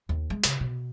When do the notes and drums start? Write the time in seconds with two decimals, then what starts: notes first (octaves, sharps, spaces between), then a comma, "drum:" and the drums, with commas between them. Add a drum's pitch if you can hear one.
0.09 D#2
0.30 G#3
0.44 C#3, drum: hi-hat
0.61 B2